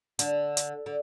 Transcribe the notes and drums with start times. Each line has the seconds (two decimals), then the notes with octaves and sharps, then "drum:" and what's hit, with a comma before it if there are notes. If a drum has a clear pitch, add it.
0.19 D3, drum: hi-hat
0.57 drum: hi-hat
0.86 D3